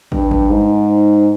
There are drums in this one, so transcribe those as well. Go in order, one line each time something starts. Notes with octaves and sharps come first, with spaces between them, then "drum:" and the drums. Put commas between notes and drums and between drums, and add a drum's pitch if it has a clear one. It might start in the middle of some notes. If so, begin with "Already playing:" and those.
G2, drum: kick
drum: kick
G#2